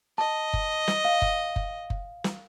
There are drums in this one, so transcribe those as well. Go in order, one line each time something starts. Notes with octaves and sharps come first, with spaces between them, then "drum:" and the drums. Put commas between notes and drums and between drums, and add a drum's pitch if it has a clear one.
D#5 A5
drum: kick F#1
drum: snare
F5
drum: kick F#1
drum: kick F#1
drum: kick F#1
drum: snare